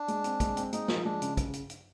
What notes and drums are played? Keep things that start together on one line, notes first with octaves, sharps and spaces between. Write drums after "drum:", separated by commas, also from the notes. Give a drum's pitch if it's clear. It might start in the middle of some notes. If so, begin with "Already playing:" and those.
Already playing: D4
G#3, drum: hi-hat
C4, drum: hi-hat
G#3, drum: kick, hi-hat
C4, drum: hi-hat
G#3 D#4, drum: hi-hat
F3, drum: snare
G#3 D4
C#3, drum: hi-hat
drum: kick, hi-hat
drum: hi-hat
drum: hi-hat